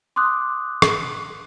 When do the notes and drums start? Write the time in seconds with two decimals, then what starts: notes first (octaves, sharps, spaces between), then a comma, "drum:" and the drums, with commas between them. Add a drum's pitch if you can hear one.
0.16 C6 D6 D#6 F#6
0.82 drum: rim click